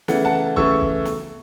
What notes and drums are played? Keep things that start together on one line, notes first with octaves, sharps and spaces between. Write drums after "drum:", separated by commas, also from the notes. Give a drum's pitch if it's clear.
C#3 E3 A3 F#5, drum: snare
F#5 A5
C#3 E3 A3 C#6 E6, drum: kick
drum: kick
drum: snare